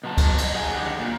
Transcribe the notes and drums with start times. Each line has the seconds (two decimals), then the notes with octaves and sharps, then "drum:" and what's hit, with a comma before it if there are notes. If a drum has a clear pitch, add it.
0.04 B2 F#3 A5
0.17 drum: kick C#2, cymbal
0.38 drum: cymbal
0.55 G#4 F#5 G#5
0.75 F#2 D3 D#3 G4 F#5
1.00 A#2